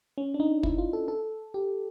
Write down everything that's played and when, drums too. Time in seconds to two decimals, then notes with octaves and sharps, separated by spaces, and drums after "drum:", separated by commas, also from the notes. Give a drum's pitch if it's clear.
0.18 C#4
0.34 D4
0.40 D#4
0.63 E4, drum: kick
0.78 F4
0.93 A4
1.08 A4
1.54 G4